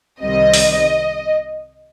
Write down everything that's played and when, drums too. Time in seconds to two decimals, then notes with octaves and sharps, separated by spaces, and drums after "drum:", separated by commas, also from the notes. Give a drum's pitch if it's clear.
0.22 C2 C3 D#3 G3 C4 D#5
0.54 drum: open hi-hat